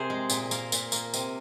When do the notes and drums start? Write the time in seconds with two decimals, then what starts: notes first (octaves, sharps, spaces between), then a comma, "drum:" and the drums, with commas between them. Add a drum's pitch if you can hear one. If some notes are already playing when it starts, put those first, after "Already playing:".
Already playing: C3 G#4 A#4 C5
0.10 G#3
0.30 A#2, drum: tambourine
0.51 A#3, drum: tambourine
0.72 A#2, drum: tambourine
0.92 A#3, drum: tambourine
1.14 C3, drum: tambourine